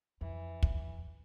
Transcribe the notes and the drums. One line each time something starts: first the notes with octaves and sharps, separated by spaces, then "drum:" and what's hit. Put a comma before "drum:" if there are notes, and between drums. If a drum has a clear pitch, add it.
F2 E3
drum: kick